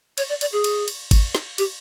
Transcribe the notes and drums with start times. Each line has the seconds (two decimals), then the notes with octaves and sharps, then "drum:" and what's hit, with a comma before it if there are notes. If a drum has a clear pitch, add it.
0.18 C#5, drum: cymbal
0.29 D5
0.41 D5, drum: cymbal
0.53 G#4
0.64 drum: cymbal
0.88 drum: cymbal
1.11 drum: kick, cymbal
1.35 drum: snare
1.58 G4, drum: cymbal